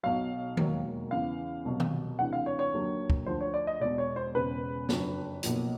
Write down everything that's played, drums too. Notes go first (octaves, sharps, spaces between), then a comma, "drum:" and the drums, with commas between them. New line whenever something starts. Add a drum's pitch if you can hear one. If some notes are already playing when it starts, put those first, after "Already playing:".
B1 B2 F#3 F5
E1 D#2 D#3 F#3, drum: tom D#3
E2 C#3 E3 F5
C2 B2 F#3
drum: tom D#3
D2 C3 E3 F#5
F5
C#5
C#5
D#2 D3 F#3
drum: kick
D2 D3 F3 C5
C#5
D5
D#5
E1 E2 B2 D5
C#5
C5
E1 E2 C#3 B4
F#1 F2 D3 F#3, drum: snare
B1 A#2 F3, drum: hi-hat